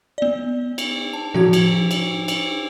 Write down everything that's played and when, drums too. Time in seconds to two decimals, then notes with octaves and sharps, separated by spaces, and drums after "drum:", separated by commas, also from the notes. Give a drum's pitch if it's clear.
0.18 B3 D5
0.78 drum: cymbal
1.13 A5
1.34 F3 F#4 G#6, drum: tom A2
1.53 drum: cymbal
1.91 drum: cymbal
2.28 drum: cymbal